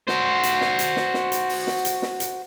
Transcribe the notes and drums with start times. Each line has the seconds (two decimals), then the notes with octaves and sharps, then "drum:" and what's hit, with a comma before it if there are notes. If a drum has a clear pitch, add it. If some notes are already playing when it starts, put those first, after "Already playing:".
0.08 F#4 C5, drum: snare
0.43 drum: hi-hat
0.61 drum: snare
0.79 drum: hi-hat
0.96 drum: snare
1.14 drum: snare
1.32 drum: hi-hat
1.49 drum: open hi-hat
1.67 drum: snare
1.85 drum: hi-hat
2.02 drum: snare
2.20 drum: hi-hat